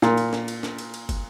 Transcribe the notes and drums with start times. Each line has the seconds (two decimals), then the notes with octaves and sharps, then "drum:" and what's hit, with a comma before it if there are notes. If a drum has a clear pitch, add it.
0.02 A#2, drum: snare
0.18 drum: cymbal
0.33 drum: snare
0.48 drum: cymbal
0.63 drum: snare
0.78 drum: cymbal
0.94 drum: cymbal
1.09 drum: kick, cymbal